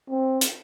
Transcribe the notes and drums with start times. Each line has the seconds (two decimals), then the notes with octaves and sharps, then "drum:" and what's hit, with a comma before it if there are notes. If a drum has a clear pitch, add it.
0.10 C4
0.41 drum: hi-hat